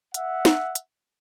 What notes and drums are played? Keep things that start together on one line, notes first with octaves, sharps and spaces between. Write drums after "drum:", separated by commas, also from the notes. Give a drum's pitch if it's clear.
E5 F#5, drum: hi-hat
drum: snare
drum: hi-hat